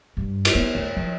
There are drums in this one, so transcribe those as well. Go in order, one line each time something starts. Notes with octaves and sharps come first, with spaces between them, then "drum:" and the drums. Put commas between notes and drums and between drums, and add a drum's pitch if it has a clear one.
G2
drum: cymbal
B3
D2
F3